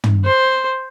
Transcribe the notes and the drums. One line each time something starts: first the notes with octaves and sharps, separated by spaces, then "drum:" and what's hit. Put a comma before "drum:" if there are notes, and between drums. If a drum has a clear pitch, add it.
drum: tom
C5